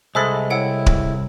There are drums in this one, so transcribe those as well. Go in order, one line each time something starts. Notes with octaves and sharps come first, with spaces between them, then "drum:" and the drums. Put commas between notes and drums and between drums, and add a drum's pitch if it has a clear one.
C2 G#3 A4 C5 E5 B5
E4 C#5 F#5 G5
drum: kick D1